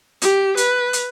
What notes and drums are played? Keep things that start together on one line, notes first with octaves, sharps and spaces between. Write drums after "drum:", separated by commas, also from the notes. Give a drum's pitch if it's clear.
G4, drum: hi-hat
B4, drum: hi-hat
drum: hi-hat